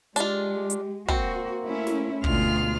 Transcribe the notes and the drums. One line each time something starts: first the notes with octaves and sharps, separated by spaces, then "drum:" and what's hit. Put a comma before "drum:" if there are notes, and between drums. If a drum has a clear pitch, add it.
G#3 D4 F4 G4, drum: hi-hat
drum: hi-hat
A#3 C4 F#4, drum: kick
A3 C#4 E4
drum: snare
D2 B2 G#3 F4 F6, drum: kick